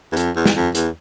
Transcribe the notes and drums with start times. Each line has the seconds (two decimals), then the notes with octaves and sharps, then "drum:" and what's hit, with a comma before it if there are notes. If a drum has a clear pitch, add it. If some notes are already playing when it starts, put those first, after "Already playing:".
0.12 E2
0.17 F2, drum: hi-hat
0.36 E2
0.46 drum: snare
0.55 F2
0.75 E2, drum: hi-hat